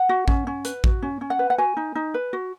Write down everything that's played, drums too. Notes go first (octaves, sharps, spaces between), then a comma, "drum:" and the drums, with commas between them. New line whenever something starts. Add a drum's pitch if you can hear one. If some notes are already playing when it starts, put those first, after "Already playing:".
Already playing: F#5
F#4
C#4, drum: kick A1
C#4
B4, drum: hi-hat
F#4, drum: kick A1
C#4
C#4
F#5
B4
F#5
F#4 G#5
D#4
D#4
B4
F#4